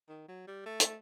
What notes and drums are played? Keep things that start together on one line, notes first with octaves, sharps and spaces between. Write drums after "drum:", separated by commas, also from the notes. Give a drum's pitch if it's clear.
D#3
F#3
G3
A3
drum: hi-hat